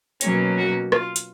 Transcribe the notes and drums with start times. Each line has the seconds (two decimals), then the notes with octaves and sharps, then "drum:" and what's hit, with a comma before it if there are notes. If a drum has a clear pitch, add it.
0.21 B2 F#3 A#3 C#4 C#5, drum: hi-hat
0.57 F#4
0.92 F4, drum: rim click
1.16 drum: hi-hat